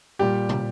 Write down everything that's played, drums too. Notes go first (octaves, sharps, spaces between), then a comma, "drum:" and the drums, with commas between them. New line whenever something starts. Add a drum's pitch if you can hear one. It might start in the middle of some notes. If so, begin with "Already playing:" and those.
A#2 G3 G4
drum: tom